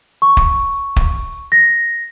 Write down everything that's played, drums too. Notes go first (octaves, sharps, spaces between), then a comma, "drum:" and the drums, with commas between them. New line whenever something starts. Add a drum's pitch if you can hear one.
C#6
drum: kick
drum: kick
A#6